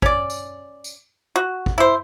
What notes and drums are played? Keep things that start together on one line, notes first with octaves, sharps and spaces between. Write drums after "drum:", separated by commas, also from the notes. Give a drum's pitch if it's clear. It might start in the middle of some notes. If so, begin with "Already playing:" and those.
C#4 D5, drum: kick
drum: tambourine
drum: tambourine
F#4
drum: kick
E4 C5